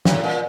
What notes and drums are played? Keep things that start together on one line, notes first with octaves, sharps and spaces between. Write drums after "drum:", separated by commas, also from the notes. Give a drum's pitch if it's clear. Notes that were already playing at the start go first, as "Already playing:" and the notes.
A2, drum: snare
A#2